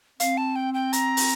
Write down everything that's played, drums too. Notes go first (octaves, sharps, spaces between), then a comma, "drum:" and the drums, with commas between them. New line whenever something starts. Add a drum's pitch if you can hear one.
C4 F5, drum: hi-hat
A5
G5
G5
A#5, drum: hi-hat
drum: open hi-hat